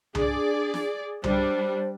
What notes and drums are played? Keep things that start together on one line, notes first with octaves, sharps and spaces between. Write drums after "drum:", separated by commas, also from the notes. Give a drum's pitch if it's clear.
D4 G#4 D5, drum: tom C2
drum: snare
G3 D4 C5, drum: tom C2